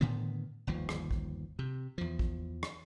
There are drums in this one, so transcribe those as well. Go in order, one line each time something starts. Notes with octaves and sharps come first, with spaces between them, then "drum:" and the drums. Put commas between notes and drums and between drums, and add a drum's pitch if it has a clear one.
A2 D3 D#3 B3
G1 D#2 F3
drum: rim click
drum: kick
C3
E2 F3
drum: kick
drum: rim click